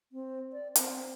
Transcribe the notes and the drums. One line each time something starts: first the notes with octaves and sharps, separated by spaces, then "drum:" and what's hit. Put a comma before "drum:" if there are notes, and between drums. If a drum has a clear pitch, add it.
C4
D5
C4, drum: hi-hat